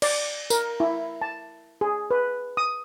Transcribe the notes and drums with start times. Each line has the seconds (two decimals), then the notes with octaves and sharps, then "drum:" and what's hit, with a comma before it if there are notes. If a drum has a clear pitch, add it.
0.02 D5, drum: cymbal
0.50 A#4, drum: tambourine
0.80 E4
1.22 A5
1.81 G#4
2.11 B4
2.57 D#6